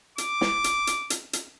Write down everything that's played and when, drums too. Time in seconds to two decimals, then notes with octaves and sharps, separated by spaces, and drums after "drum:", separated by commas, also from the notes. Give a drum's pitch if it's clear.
0.18 D6, drum: hi-hat
0.41 drum: snare
0.64 drum: hi-hat
0.87 drum: hi-hat
1.10 drum: hi-hat
1.33 drum: hi-hat